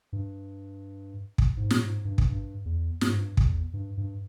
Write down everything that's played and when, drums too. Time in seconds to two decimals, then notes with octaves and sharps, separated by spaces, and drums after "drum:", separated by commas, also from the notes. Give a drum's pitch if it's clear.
0.13 G2
1.38 drum: kick
1.57 G#2
1.71 A#2, drum: snare
1.81 G#2
2.05 G2
2.18 drum: kick
2.29 G2
2.66 E2
3.01 G2, drum: snare
3.09 G#2
3.17 G2
3.37 E2, drum: kick
3.73 G2
3.97 G2